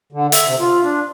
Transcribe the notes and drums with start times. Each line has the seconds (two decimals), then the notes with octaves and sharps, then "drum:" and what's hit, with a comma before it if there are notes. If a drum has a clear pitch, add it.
0.13 D3
0.32 E5, drum: hi-hat
0.46 C3
0.60 F4
0.83 D4